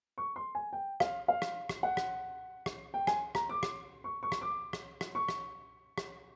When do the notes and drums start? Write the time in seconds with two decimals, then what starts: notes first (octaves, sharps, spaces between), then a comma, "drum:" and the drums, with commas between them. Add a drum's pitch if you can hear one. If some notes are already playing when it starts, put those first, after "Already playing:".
0.18 C#6
0.36 C6
0.55 G#5
0.73 G5
1.00 F5, drum: rim click
1.28 F5
1.42 drum: rim click
1.69 drum: rim click
1.83 F#5
1.97 drum: rim click
2.66 drum: rim click
2.94 G5
3.07 G#5, drum: rim click
3.35 A#5, drum: rim click
3.49 D6
3.63 drum: rim click
4.04 C#6
4.23 C#6
4.32 drum: rim click
4.41 D6
4.73 drum: rim click
5.01 drum: rim click
5.15 C#6
5.29 drum: rim click
5.98 drum: rim click